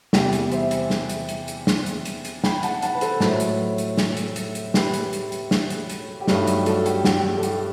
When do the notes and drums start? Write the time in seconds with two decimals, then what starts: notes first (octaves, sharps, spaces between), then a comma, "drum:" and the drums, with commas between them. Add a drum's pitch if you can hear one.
0.13 E2 C3 E3 G3 G4, drum: snare
0.33 drum: hi-hat
0.52 C5 E5, drum: hi-hat
0.71 drum: hi-hat
0.90 drum: snare
1.09 drum: hi-hat
1.29 drum: hi-hat
1.48 drum: hi-hat
1.67 drum: snare
1.86 drum: hi-hat
2.05 drum: hi-hat
2.25 drum: hi-hat
2.44 G5 B5, drum: snare
2.63 F#5 A5, drum: hi-hat
2.82 F#5 A5, drum: hi-hat
2.94 B4
3.01 A4 C5, drum: hi-hat
3.20 A2 F#3 A3, drum: snare
3.40 drum: hi-hat
3.78 drum: hi-hat
3.97 drum: snare
4.17 drum: hi-hat
4.36 drum: hi-hat
4.55 drum: hi-hat
4.74 G4 B4, drum: snare
4.94 drum: hi-hat
5.13 drum: hi-hat
5.32 drum: hi-hat
5.51 drum: snare
5.70 drum: hi-hat
5.90 drum: hi-hat
6.20 G4
6.28 G2 F#3 A3 D#4 F#4, drum: snare
6.47 G4, drum: hi-hat
6.66 F#4 A4, drum: hi-hat
6.86 G4, drum: hi-hat
7.05 G4, drum: snare
7.37 A4
7.43 G4, drum: hi-hat